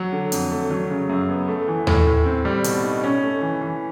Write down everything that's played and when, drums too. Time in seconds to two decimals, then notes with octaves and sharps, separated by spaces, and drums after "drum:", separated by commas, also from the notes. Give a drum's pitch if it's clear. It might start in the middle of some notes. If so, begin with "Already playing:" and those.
Already playing: F#3
0.12 D3
0.32 F2, drum: hi-hat
0.51 A3
0.71 F#3
0.90 C#3
1.09 F#2
1.29 B3
1.48 A3
1.68 E3
1.87 A2, drum: tom D#2
2.06 A2
2.25 C4
2.45 G3
2.64 B2, drum: hi-hat
2.84 D#4
3.03 C#4
3.23 A3
3.41 E3
3.61 E3